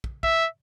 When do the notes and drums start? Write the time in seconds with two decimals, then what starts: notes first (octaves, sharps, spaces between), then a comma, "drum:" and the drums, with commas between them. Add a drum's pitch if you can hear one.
0.04 drum: kick
0.23 E5, drum: kick